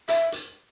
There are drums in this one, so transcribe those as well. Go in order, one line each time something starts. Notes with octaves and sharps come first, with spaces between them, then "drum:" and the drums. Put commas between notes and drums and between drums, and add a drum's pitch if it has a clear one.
E5, drum: hi-hat
drum: hi-hat